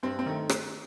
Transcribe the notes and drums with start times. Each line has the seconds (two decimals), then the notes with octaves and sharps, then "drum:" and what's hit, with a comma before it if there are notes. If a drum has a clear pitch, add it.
0.03 G2 C4
0.19 C4
0.26 D#3 A3
0.49 drum: rim click